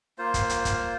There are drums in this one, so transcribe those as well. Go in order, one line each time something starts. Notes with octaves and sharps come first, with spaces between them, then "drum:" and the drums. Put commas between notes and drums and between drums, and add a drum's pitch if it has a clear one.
A#3 F4 C5
drum: kick, hi-hat
drum: hi-hat
drum: kick, hi-hat